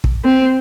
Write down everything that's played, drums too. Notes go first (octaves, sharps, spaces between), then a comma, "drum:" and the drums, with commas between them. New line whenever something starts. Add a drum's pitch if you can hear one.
drum: kick
C4